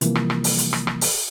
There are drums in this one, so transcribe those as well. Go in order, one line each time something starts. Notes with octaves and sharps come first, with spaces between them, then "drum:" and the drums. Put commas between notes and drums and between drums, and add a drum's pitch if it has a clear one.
C3 E3 F3 G3 A#3, drum: hi-hat
drum: rim click
drum: rim click
drum: open hi-hat
drum: hi-hat
drum: rim click
drum: rim click
drum: open hi-hat